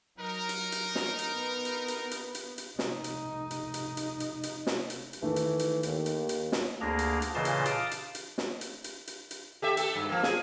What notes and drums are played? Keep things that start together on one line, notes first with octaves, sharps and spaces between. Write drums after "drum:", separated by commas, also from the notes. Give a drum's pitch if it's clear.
F#3 D#4 A#4
drum: hi-hat
drum: hi-hat
drum: snare
drum: hi-hat
B3
drum: hi-hat
drum: hi-hat
drum: hi-hat
drum: hi-hat
drum: hi-hat
F1 D#4, drum: snare
drum: hi-hat
drum: hi-hat
drum: hi-hat
drum: hi-hat
drum: hi-hat
drum: hi-hat
drum: snare
drum: hi-hat
drum: hi-hat
D#3 E3 A3
drum: hi-hat
drum: hi-hat
D#2, drum: hi-hat
drum: hi-hat
drum: hi-hat
drum: snare
D2 A#3 D4 G#4 A#5
drum: hi-hat
drum: hi-hat
A#2 C#3 E3 D#5 A5 C6
drum: hi-hat
F5 A5 D6 D#6, drum: hi-hat
drum: hi-hat
drum: hi-hat
drum: snare
drum: hi-hat
drum: hi-hat
drum: hi-hat
drum: hi-hat
G4 A4 E5
A3 A4, drum: hi-hat
G2
F3 A#3
G#4, drum: snare